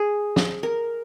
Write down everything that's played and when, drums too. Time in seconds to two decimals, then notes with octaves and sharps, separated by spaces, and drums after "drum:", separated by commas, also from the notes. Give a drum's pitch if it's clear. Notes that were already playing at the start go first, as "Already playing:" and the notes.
Already playing: G#4
0.36 drum: snare
0.63 A#4